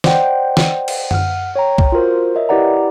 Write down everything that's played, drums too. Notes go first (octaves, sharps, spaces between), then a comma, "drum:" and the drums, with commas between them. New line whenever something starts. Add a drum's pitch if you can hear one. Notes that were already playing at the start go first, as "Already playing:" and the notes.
C5 D5 D#5 F#5 G5, drum: snare
drum: snare
drum: cymbal
F#5 F6, drum: tom F#2
C#5 G5 A#5
drum: kick C2
F4 F#4 A#4 C5
A#4 C#5 D#5 E5
E4 G4 B4 D5 F#5 A#5